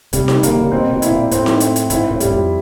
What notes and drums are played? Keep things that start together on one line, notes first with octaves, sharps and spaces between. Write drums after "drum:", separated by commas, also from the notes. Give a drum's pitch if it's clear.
C3 G3, drum: hi-hat
drum: snare D#4
C#3 A#3, drum: hi-hat
C3
C#3
B2 C4
B2
E4, drum: hi-hat
A#2
A2 C4, drum: hi-hat
drum: snare D#4
C4, drum: hi-hat
drum: hi-hat
G#2 E4, drum: hi-hat
A2
F#2 G3, drum: hi-hat
F2